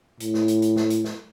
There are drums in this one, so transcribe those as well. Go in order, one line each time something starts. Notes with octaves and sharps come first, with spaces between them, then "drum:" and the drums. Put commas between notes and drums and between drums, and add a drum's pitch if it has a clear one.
A2, drum: hi-hat
drum: snare
drum: hi-hat
drum: hi-hat
drum: snare
drum: hi-hat
drum: snare